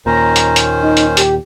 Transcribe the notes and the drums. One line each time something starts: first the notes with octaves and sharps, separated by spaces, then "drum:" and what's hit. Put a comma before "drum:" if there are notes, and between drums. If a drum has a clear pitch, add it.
D#2 A#2 D#3 C#4 C5 A#5
drum: hi-hat
drum: hi-hat
D#4
drum: hi-hat
G4, drum: hi-hat